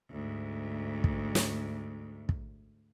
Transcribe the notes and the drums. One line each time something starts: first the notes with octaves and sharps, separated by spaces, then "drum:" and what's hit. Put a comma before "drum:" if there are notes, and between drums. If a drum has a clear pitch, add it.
D2 G#2
drum: kick
drum: snare
drum: kick